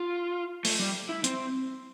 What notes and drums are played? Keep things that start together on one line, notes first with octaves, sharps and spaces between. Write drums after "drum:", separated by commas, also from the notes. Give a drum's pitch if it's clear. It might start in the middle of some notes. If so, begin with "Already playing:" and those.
Already playing: F4
A3, drum: open hi-hat
G3
E4
C4, drum: hi-hat